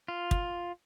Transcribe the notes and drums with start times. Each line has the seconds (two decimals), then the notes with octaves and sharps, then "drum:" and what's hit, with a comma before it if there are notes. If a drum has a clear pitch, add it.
0.08 F4
0.31 drum: kick